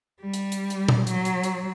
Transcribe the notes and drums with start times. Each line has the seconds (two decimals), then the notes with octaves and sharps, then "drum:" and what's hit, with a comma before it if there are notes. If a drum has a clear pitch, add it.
0.21 G3
0.34 drum: hi-hat
0.52 drum: hi-hat
0.70 drum: hi-hat
0.88 drum: tom A#2
1.07 F#3, drum: hi-hat
1.25 drum: hi-hat
1.43 drum: hi-hat